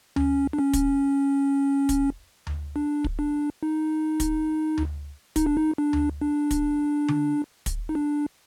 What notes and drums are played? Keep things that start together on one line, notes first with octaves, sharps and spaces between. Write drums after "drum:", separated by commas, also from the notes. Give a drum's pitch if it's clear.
C#4, drum: tom D2
D4
C#4
drum: kick, hi-hat
drum: kick, hi-hat
drum: tom D2
D4
drum: kick
D4
D#4
drum: kick, hi-hat
drum: tom D2
D#4, drum: kick, hi-hat
D4
D#4
D4
drum: tom D2
D4
drum: kick, hi-hat
drum: tom D3
drum: kick, hi-hat
D#4
D4